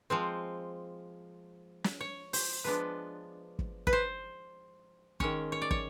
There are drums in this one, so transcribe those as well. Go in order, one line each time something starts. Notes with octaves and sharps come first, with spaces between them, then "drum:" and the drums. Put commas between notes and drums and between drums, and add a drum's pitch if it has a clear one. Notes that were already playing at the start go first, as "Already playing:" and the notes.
F3 G#3 C4
drum: snare
C#5
C5, drum: open hi-hat
F3 G#3 B3 D4 B4
drum: kick
B4, drum: kick
C5
D#3 G#3 C#4 C#5, drum: kick
C#5
D5
C#5, drum: kick